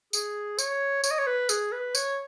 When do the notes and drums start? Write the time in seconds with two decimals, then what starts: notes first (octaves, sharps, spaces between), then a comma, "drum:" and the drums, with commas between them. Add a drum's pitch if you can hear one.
0.13 G#4, drum: tambourine
0.59 C#5, drum: tambourine
1.04 C#5, drum: tambourine
1.11 D#5
1.18 C#5
1.27 B4
1.49 G#4, drum: tambourine
1.72 B4
1.95 C#5, drum: tambourine